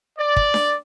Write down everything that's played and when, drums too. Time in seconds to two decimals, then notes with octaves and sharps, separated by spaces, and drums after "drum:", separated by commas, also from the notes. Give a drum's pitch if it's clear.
0.19 D5
0.37 drum: kick
0.54 drum: snare D4